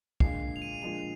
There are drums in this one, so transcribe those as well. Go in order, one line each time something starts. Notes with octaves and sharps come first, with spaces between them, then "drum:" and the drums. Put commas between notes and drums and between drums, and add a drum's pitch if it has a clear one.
A#2 G#3 D4 F4 C7, drum: kick
F7
D#7
A#2 F3 G#3 D4 F7